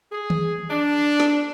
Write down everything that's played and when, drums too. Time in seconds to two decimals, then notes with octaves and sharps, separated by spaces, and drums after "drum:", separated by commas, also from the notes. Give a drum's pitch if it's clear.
0.12 G#4
0.30 drum: tom
0.71 D4
1.20 drum: snare